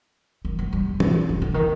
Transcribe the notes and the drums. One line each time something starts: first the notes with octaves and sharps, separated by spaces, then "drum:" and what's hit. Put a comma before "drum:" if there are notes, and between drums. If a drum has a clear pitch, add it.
D#3
F3
G3
drum: tom
D#3
D3
D#3